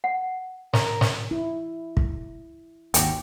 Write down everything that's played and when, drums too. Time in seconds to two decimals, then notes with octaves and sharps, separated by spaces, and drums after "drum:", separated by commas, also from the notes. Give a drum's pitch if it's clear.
0.04 F#5
0.73 A#4, drum: snare
1.01 drum: snare
1.31 E4
1.97 drum: kick
2.94 G#1 D#2 F#4 G4, drum: hi-hat